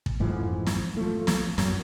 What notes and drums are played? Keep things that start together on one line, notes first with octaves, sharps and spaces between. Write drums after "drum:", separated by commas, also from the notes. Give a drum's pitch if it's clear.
drum: kick
F2 G#2 E3 F3
drum: snare
F3 A3
drum: snare
F#2 F#3, drum: snare